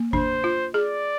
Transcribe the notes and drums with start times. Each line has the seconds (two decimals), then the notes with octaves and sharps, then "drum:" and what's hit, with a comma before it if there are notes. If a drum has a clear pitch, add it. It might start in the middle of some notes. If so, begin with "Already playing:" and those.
Already playing: A#3
0.13 D4 C5, drum: kick G#1
0.44 F4
0.74 G#4 D5